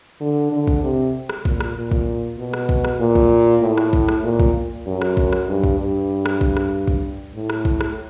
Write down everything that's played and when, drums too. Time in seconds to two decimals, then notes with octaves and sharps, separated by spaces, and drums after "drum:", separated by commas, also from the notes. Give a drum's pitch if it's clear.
0.20 D3
0.52 D3
0.67 drum: kick
0.83 C3
1.29 drum: rim click
1.45 A#2, drum: kick
1.60 drum: rim click
1.77 A#2
1.91 drum: kick
2.38 B2
2.53 drum: rim click
2.69 drum: kick
2.84 drum: rim click
3.00 A#2
3.15 drum: kick
3.62 A2
3.77 drum: rim click
3.93 drum: kick
4.08 drum: rim click
4.23 A#2
4.39 drum: kick
4.87 F#2
5.02 drum: rim click
5.17 drum: kick
5.33 drum: rim click
5.48 G2
5.64 drum: kick
5.79 G2
6.26 drum: rim click
6.41 drum: kick
6.57 drum: rim click
6.88 drum: kick
7.34 A2
7.50 drum: rim click
7.65 drum: kick
7.81 drum: rim click